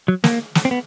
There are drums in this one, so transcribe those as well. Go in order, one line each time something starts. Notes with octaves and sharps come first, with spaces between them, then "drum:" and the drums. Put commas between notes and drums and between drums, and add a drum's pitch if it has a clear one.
F#3
A#3, drum: snare
drum: snare
C4
B3